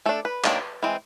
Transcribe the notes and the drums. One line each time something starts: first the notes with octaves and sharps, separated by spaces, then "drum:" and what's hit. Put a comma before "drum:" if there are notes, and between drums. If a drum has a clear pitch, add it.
A3 D4 A4
B4
D#3 F#3 A#3 D4, drum: clap
E3 G#3 C4